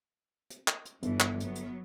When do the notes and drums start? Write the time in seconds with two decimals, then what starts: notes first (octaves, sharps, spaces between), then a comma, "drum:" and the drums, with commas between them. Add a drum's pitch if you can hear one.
0.50 drum: hi-hat
0.68 drum: clap
0.85 drum: hi-hat
1.03 G1 G2 E3, drum: hi-hat
1.20 drum: clap
1.40 F#3 B3, drum: hi-hat
1.55 drum: hi-hat